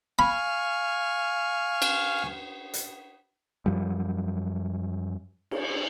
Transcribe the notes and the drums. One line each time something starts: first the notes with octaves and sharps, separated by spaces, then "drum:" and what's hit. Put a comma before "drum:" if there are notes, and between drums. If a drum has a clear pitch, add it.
F5 G#5 B5 C#6
drum: cymbal
drum: hi-hat
F#2 F3 G3
drum: cymbal